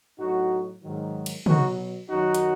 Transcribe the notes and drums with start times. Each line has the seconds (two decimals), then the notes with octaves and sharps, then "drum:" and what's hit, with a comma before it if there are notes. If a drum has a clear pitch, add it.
0.19 A2 F#3 D#4 F#4
0.82 G#2 D#3 F#3
1.26 drum: cymbal
1.46 B2 F#3 D#4 F#4, drum: tom
2.09 F#2 D#3 F#3 D#4 F#4
2.35 drum: hi-hat